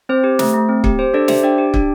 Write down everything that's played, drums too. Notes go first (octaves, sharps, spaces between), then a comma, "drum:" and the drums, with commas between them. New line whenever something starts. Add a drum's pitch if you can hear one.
C4 C5
G4
A3, drum: snare
A3
C4
G4, drum: kick
G4 C5
D4 A4 D5
G4 C5 E5, drum: snare
D4 D5 G5
G4
D4, drum: kick